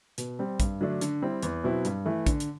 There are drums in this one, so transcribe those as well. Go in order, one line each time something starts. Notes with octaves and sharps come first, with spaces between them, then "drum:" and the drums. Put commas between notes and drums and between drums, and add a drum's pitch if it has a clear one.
B2, drum: hi-hat
G3 C4
G2, drum: kick, hi-hat
D3 F#3 A3 D4
D3, drum: hi-hat
G3 C4 E4
E2, drum: hi-hat
B2 F#3 C4 E4
G2, drum: hi-hat
E3 A3
D3, drum: kick, hi-hat
drum: hi-hat